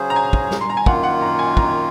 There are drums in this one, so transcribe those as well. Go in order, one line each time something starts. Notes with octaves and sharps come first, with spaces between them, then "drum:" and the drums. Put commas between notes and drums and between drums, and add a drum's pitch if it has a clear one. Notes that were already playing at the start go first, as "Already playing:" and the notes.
Already playing: C#3 F#3 C#4 G#4 C5 G#5
A#5
G#5
drum: kick
drum: snare
C6
A#5
G#5
F#2 D#3 A#3 F4 F#5, drum: kick
F#5
A#5
G#5
A#5, drum: kick